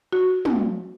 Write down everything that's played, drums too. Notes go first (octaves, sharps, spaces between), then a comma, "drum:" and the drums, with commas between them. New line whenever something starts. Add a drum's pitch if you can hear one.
F#4
drum: tom